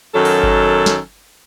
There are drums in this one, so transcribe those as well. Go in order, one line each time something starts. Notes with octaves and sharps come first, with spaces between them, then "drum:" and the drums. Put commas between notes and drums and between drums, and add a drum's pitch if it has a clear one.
F#2 D#3 F#3 A4
drum: open hi-hat
drum: kick G1
drum: snare